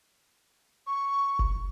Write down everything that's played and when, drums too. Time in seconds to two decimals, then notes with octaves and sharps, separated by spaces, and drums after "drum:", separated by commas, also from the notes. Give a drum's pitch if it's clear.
0.87 C#6
1.39 drum: kick F1